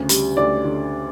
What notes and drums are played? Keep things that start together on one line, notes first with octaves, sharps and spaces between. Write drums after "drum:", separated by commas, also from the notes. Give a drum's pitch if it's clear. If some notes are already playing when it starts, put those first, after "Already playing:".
Already playing: D2 C#3
G3, drum: hi-hat
D2 D5
D3